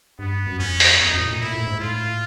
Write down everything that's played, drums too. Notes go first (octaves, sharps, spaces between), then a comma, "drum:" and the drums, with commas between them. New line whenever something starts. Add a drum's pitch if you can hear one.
G2 B3
F#2
F2 C#4
drum: open hi-hat
E2 D#4
F#2
F2
A#2
A2
A#2 E4
A2
G#2
A2 F4